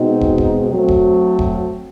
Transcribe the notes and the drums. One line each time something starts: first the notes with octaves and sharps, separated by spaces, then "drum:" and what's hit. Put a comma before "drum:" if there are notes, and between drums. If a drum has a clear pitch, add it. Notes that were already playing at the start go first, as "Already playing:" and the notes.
Already playing: B2 G#3 C4 D#4 F#4
drum: kick
drum: kick
F#3 A3 C4
drum: kick
drum: kick